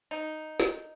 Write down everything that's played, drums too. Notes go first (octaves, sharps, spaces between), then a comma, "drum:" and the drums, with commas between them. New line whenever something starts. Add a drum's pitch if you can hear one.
D#4
drum: snare